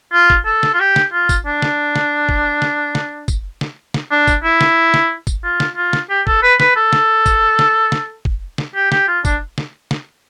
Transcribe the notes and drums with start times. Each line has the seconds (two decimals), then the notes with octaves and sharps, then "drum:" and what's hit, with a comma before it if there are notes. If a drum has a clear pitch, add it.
0.13 F4
0.30 drum: kick
0.46 A4
0.63 drum: snare
0.74 F4
0.80 G4
0.96 drum: snare
1.13 F4
1.29 drum: kick, tambourine
1.46 D4
1.62 drum: snare
1.96 drum: snare
2.29 drum: kick
2.62 drum: snare
2.95 drum: snare
3.28 drum: kick, tambourine
3.61 drum: snare
3.94 drum: snare
4.11 D4
4.27 drum: kick, tambourine
4.44 E4
4.61 drum: snare
4.94 drum: snare
5.27 drum: kick, tambourine
5.44 F4
5.60 drum: snare
5.77 F4
5.93 drum: snare
6.10 G4
6.27 A4, drum: kick
6.43 B4
6.60 B4, drum: snare
6.76 A4
6.93 drum: snare
7.26 drum: kick, tambourine
7.59 drum: snare
7.92 drum: snare
8.25 drum: kick
8.58 drum: snare
8.75 G4
8.92 G4, drum: snare
9.08 F4
9.25 D4, drum: kick, tambourine
9.58 drum: snare
9.91 drum: snare